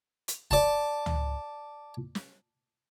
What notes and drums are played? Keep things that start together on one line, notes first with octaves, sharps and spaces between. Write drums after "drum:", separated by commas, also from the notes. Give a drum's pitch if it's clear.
drum: hi-hat
D5 A5, drum: kick
drum: tom C#2
drum: snare